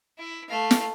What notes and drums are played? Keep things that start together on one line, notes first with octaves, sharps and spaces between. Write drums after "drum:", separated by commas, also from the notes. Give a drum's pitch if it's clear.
E4
A3 F5
drum: snare